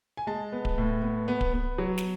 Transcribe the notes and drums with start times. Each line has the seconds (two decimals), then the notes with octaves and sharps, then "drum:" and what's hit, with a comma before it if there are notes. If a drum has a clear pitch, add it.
0.17 G#5
0.27 G#3 A5
0.53 B3
0.65 drum: kick D1
0.78 A2
1.02 B3
1.28 B3
1.41 drum: kick D1
1.54 B3
1.78 F#3
1.98 drum: snare